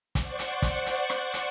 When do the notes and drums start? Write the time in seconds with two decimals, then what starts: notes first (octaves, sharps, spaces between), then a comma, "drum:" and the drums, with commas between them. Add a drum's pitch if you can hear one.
0.15 C5 D5 F#5 C#6, drum: kick, hi-hat
0.39 drum: hi-hat
0.62 drum: kick, hi-hat
0.86 drum: hi-hat
1.10 drum: rim click
1.33 drum: hi-hat